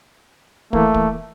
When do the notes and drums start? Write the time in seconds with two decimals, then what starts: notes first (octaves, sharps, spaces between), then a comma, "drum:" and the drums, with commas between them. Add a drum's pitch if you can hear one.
0.73 E3 A3 A#3, drum: kick
0.94 drum: kick